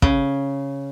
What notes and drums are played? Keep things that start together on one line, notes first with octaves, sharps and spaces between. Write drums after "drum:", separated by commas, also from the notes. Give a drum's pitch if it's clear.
C#3, drum: kick